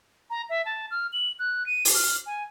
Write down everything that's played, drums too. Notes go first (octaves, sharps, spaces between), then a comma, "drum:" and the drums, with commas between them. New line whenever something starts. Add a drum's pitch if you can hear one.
A#5
E5
A5
F6
F#7
F#6
D#7
drum: open hi-hat
F6
G#5